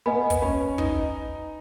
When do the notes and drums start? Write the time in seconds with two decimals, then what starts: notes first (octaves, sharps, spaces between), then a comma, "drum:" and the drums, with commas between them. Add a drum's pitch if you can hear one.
0.06 B3 B4 D#5 G#5 B5
0.30 drum: kick, hi-hat
0.42 C#4
0.78 D#4, drum: kick